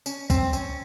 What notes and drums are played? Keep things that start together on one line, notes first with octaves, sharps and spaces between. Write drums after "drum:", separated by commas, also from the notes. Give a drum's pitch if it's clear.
C#4, drum: tambourine
C4, drum: kick, tambourine
C#4, drum: tambourine